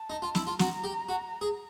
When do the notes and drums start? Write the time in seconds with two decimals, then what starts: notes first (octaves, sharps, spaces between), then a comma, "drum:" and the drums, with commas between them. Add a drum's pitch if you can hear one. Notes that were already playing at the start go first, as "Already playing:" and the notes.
Already playing: A5
0.10 D#4
0.22 F4
0.35 E4, drum: snare
0.47 F4
0.59 F#4 A#5, drum: snare
0.84 G4
1.09 F#4
1.41 G#4